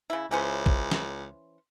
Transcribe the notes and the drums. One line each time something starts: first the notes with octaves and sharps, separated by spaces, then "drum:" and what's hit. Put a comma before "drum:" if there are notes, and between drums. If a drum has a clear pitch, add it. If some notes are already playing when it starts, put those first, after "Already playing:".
C#3 E4
C#2 E3 C#4 C5
drum: kick
drum: snare